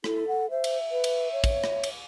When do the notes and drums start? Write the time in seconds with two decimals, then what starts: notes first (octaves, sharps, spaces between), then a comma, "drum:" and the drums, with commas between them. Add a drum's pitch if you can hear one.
0.04 E4 A4, drum: rim click
0.28 F#5
0.51 C5 E5
0.64 drum: cymbal
0.91 B4
1.04 drum: cymbal
1.32 C#5
1.44 drum: kick, cymbal
1.64 drum: rim click
1.84 drum: cymbal